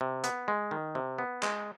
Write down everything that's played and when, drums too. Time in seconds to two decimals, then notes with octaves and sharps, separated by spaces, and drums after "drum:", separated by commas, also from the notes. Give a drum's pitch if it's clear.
0.01 C3
0.24 B3, drum: hi-hat
0.48 G#3
0.71 D#3
0.95 C3
1.19 B3
1.43 G#3, drum: clap